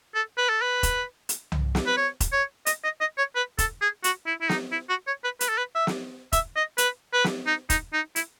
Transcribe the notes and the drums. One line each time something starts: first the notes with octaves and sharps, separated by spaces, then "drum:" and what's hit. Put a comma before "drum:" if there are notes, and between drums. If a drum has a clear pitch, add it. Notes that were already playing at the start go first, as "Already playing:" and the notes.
A4
B4
A4
B4
drum: kick E1, hi-hat
drum: hi-hat
drum: tom C2
drum: snare
B4
C#5
drum: kick E1, hi-hat
C#5
D#5, drum: hi-hat
D#5
D#5
C#5
B4
A4, drum: kick E1, hi-hat
G#4
F#4, drum: hi-hat
E4
E4
D#4, drum: snare
E4
F#4
C#5
B4
B4, drum: hi-hat
A4
B4
E5
drum: snare
E5, drum: kick E1, hi-hat
D#5
B4, drum: hi-hat
B4
drum: snare
D#4
D#4, drum: kick E1, hi-hat
D#4
E4, drum: hi-hat